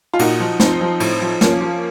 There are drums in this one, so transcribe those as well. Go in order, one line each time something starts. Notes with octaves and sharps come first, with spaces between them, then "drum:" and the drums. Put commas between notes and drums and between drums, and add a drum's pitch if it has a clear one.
F4
A#2 D#4 F#4, drum: cymbal
F3
F3 C4 D#4, drum: snare
F3
A2, drum: cymbal
F3
F3 A#3 C#4, drum: snare
F3